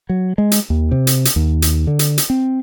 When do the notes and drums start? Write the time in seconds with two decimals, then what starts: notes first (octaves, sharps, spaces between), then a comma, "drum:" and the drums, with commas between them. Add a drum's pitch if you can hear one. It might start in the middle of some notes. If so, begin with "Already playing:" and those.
0.09 F#3
0.38 G#3
0.52 drum: hi-hat
0.70 D#2
0.92 C3
1.07 drum: hi-hat
1.25 drum: hi-hat
1.36 D#2
1.62 drum: hi-hat
1.87 D3
1.99 drum: hi-hat
2.18 drum: hi-hat
2.30 C4